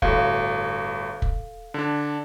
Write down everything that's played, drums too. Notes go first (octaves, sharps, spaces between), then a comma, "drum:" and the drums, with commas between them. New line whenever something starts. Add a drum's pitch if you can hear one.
G1 A2 F#4 A4 F5, drum: kick
drum: kick
D3 D4